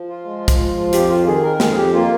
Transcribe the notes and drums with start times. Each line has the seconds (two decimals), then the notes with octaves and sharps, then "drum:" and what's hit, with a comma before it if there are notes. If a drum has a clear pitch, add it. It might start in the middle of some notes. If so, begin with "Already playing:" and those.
Already playing: F3
0.09 F4
0.25 G#3
0.48 drum: kick, hi-hat
0.59 F3
0.93 F2 G4, drum: hi-hat
1.10 F4
1.26 D#3 G#4
1.43 A#4
1.60 F2 G#4, drum: snare
1.77 G4
1.94 A#3 F4